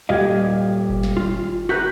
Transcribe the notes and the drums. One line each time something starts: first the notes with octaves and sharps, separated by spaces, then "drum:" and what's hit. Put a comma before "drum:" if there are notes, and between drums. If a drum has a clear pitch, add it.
D#1 G4 D5 D#5 F5 G#6
drum: kick F#1
drum: snare
F4
F#4 A#4 B4 F#6 G6 B6